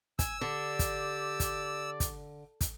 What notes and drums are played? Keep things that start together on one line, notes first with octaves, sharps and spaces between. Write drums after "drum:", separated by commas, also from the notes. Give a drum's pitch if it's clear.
G#5 E6, drum: kick, hi-hat
D3 G4 D5
drum: kick, hi-hat
drum: kick, hi-hat
drum: kick, hi-hat
drum: kick, hi-hat